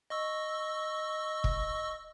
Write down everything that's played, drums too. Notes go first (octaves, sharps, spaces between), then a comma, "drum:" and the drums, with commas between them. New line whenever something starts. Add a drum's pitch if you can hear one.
D#5 C#6 E6
drum: kick